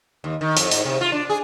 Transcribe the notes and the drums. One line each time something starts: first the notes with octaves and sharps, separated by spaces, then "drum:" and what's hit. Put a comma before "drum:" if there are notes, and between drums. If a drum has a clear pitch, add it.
D#2
D#3
F2, drum: hi-hat
G#2, drum: hi-hat
C3
F4
D4
G#4